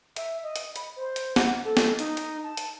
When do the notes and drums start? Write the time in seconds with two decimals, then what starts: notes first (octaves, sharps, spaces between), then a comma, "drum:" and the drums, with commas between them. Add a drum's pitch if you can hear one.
0.16 E5, drum: hi-hat
0.43 D#5
0.56 drum: hi-hat
0.76 B5, drum: hi-hat
0.96 C5
1.16 drum: hi-hat
1.36 F#5, drum: snare
1.65 A4
1.77 drum: snare
1.99 D#4, drum: hi-hat
2.17 drum: hi-hat
2.43 A5
2.57 drum: hi-hat